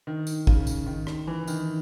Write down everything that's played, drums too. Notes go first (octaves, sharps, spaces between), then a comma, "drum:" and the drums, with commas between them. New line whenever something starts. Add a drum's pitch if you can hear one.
D#3
drum: tambourine
C#3, drum: kick
drum: tambourine
D#3
drum: rim click
E3
D#3, drum: tambourine